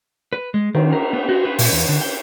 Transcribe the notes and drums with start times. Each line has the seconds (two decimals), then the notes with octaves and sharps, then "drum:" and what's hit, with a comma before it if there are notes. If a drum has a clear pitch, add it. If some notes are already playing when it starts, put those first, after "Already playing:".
0.33 B4
0.54 G#3
0.75 D#3, drum: cymbal
0.93 A#4
1.13 B3
1.29 F#4
1.45 B4
1.59 A#2, drum: open hi-hat
1.72 E2
1.89 D3
2.01 G5